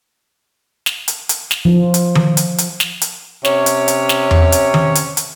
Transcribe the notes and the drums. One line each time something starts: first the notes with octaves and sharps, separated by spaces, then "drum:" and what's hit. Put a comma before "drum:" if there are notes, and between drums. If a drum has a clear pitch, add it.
drum: snare
drum: hi-hat
drum: hi-hat
drum: snare
F3
drum: hi-hat
drum: tom D#3
drum: hi-hat
drum: hi-hat
drum: snare
drum: hi-hat
C3 C#4 C#5, drum: snare
drum: hi-hat
drum: hi-hat
drum: snare
drum: tom E2
drum: hi-hat
drum: tom D#3
drum: hi-hat
drum: hi-hat